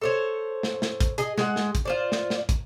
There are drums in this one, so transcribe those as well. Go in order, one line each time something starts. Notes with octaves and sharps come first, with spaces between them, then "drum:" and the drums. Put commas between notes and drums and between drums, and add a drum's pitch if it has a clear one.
A4 C5 C#5
drum: snare
drum: snare
drum: kick, hi-hat
G#4 D#5, drum: hi-hat
G#3 F#5, drum: snare
drum: snare
drum: kick, hi-hat
F4 C5 D5
drum: snare
drum: snare
drum: kick, hi-hat